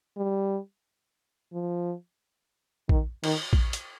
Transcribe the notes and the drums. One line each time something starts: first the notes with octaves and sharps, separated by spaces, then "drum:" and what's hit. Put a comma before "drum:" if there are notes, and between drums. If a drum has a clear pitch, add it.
G3
F3
D#3, drum: kick A#1
D#3, drum: cymbal
drum: kick A#1
drum: hi-hat